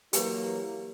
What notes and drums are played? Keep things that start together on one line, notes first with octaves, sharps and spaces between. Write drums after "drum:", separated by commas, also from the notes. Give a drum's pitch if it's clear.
E3 F#3 A#3 G4 B4 C#5, drum: hi-hat